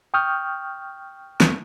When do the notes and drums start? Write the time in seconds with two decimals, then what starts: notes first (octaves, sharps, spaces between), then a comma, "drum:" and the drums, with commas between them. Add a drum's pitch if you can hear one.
0.14 G5 C#6 D#6 F6 G6
1.40 drum: snare